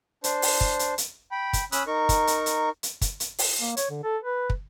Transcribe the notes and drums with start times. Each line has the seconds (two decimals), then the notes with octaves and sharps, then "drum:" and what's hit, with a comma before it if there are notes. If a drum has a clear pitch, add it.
0.24 D4 C5, drum: hi-hat
0.42 drum: open hi-hat
0.61 drum: kick
0.79 drum: hi-hat
0.98 drum: hi-hat
1.31 G5 B5
1.53 drum: kick, hi-hat
1.72 C#4 B5 D#6 E6 F#6, drum: hi-hat
1.87 D#4 A#4 C#6
2.09 drum: kick, hi-hat
2.27 drum: hi-hat
2.46 drum: hi-hat
2.83 drum: hi-hat
3.01 drum: kick, hi-hat
3.20 drum: hi-hat
3.38 drum: open hi-hat
3.61 A#3
3.77 C#5, drum: hi-hat
3.90 D3
4.03 A4
4.23 B4
4.50 drum: kick